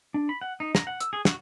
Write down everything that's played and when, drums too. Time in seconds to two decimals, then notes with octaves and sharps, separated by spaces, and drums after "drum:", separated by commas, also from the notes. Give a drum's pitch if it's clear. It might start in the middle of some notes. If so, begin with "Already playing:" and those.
0.14 D4
0.29 B5
0.41 F#5
0.60 D#4
0.75 A#5, drum: snare
0.87 F#5
1.00 E6, drum: hi-hat
1.13 G#4
1.25 F#4, drum: snare